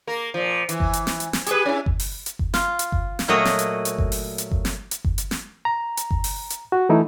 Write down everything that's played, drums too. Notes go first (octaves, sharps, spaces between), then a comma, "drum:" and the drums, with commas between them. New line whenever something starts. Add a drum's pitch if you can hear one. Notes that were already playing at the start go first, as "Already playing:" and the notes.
A#3 A#4
A#2 F3
E3, drum: hi-hat
drum: kick G1
drum: hi-hat
drum: snare
drum: hi-hat
drum: snare
G4 G#4 B4, drum: hi-hat
C#4 E4
drum: kick G1
drum: open hi-hat
drum: hi-hat
drum: kick G1
F4, drum: snare
drum: hi-hat
drum: kick G1
drum: snare
A#2 F#3 A3 F#4 C#5 D#5
drum: snare
drum: hi-hat
drum: hi-hat
drum: kick G1
drum: open hi-hat
drum: hi-hat
drum: kick G1
drum: snare
drum: hi-hat
drum: kick G1
drum: hi-hat
drum: snare
A#5
drum: hi-hat
drum: kick G1
drum: open hi-hat
drum: hi-hat
F#4
E3 A3 D#4 E4